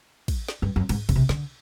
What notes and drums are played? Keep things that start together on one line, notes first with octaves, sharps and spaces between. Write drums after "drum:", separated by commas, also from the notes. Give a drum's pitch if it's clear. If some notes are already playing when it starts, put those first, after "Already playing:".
drum: kick, cymbal
drum: snare
G2
F#2
G#2, drum: cymbal
C#3, drum: kick, cymbal
C3
D3, drum: snare